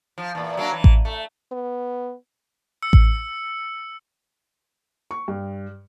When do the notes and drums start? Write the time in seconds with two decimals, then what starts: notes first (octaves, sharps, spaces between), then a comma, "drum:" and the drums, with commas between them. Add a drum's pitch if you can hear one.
0.18 F3
0.35 E2 A#2
0.57 F#3 A#3 D4
0.72 E3
0.84 drum: kick A1
1.05 A3
1.52 B3
2.83 E6 C#7
2.93 drum: kick A1
5.11 C#6
5.28 G2